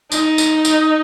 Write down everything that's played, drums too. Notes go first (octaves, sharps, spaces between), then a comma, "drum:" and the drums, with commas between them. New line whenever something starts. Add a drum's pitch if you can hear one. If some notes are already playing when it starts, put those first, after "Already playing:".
D#4, drum: tambourine
drum: tambourine
drum: tambourine